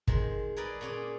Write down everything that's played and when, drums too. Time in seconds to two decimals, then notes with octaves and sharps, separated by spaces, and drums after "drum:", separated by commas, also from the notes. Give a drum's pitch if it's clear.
0.07 D#3 G#3 C5, drum: kick
0.56 G#4 A#4 B4 D5 G5
0.81 A#2 C#4 G#4 D5